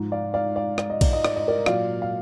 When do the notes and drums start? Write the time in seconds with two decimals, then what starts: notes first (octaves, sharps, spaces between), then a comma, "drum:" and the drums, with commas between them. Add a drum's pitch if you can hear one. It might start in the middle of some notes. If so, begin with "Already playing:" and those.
Already playing: G#2 F3
0.12 D5 F5
0.34 D5 F5
0.56 D5 F5
0.78 D5, drum: rim click
0.90 D#5
1.01 D5, drum: kick B1, cymbal
1.13 D#5
1.24 D5, drum: rim click
1.36 D#5
1.48 A#4 D5
1.66 A#2 F#3 D5 F5, drum: rim click
2.02 F5